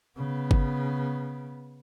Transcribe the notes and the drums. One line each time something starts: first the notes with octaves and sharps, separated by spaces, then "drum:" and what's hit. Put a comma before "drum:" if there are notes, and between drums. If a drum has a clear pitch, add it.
C#3 B3
drum: kick G1